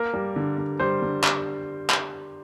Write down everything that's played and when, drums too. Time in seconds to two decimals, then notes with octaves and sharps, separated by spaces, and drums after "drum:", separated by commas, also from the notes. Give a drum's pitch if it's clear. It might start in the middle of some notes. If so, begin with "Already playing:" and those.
Already playing: A#3 A#4
0.14 G3
0.36 D3
0.58 D3
0.79 G3 C5
1.02 D3
1.24 drum: clap
1.90 drum: clap